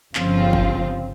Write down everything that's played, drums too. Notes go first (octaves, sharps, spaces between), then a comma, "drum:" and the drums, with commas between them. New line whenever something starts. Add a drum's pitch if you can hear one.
G1 C#3 F3 C4 F4, drum: clap
drum: kick